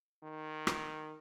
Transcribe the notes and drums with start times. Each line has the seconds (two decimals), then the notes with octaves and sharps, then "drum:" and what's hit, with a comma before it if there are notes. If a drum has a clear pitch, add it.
0.23 D#3
0.67 drum: rim click